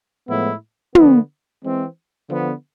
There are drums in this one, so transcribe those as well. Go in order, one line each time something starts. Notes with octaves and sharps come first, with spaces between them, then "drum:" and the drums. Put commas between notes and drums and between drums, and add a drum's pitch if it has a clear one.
A2 F3 G#3 B3 E4
D3 F3 B3, drum: tom
E3 G#3 C4
D3 F3 B3